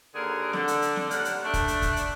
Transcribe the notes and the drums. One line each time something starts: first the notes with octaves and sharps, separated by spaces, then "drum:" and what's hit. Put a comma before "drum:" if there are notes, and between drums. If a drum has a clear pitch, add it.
D#2 D3 B3 G#4 A#4
D3, drum: snare
drum: hi-hat
drum: hi-hat
drum: snare
D#2 D3 D4 A#4 F#5, drum: hi-hat
drum: hi-hat
A3 D4
drum: kick, hi-hat
drum: hi-hat
drum: kick, hi-hat
drum: hi-hat